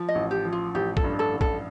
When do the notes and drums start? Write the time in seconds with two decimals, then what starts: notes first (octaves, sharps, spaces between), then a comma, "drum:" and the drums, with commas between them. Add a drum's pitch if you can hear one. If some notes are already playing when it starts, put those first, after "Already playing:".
Already playing: F3
0.08 D#5
0.15 A1
0.31 G4
0.45 F3
0.53 F4
0.75 A1 G4
0.97 A4, drum: kick
1.04 G2
1.19 A4
1.33 A1
1.41 A4, drum: kick